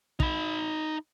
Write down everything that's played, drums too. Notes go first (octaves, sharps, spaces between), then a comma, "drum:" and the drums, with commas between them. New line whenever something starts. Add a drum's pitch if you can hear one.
D#4 B5, drum: kick